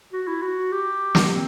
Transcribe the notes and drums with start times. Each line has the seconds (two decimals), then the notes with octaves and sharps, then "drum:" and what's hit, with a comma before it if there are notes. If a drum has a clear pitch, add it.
0.13 F#4
0.28 E4
0.42 F#4
0.72 G4
1.15 drum: snare
1.31 C4